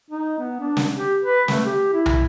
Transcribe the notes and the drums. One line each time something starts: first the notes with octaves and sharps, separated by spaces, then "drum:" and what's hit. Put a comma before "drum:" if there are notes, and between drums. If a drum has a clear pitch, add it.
D#4
B3
D4
drum: snare
G4
B4
A3, drum: snare
G4
E4
drum: tom